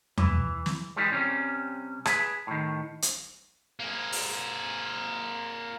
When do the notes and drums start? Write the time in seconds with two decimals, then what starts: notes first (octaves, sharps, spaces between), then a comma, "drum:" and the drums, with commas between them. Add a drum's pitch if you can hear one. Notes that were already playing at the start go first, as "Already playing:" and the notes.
0.18 E3, drum: tom E2
0.66 drum: snare
0.96 E3 G3 G#3
1.12 C3 G3 C#4
2.06 G#4 B4, drum: rim click
2.47 A2 D#3
3.02 drum: hi-hat
3.80 A#3 G#4
4.12 drum: open hi-hat